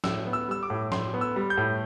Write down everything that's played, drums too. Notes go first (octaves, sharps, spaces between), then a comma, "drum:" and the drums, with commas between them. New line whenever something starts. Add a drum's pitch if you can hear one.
A2 E6, drum: snare
B3
E6
G3 E6
D6
A2
A2 C6, drum: snare
B3
E6
G3
G6
A2